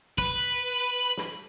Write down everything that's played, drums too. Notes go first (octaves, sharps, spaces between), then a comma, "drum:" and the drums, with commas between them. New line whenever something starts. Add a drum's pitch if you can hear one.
B4, drum: kick
drum: snare